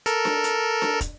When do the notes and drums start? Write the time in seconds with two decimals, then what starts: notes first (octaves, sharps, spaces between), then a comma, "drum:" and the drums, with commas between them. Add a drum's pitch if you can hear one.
0.06 A4 A#4, drum: hi-hat
0.25 drum: snare D4
0.44 drum: hi-hat
0.82 drum: snare D4
1.01 drum: kick, hi-hat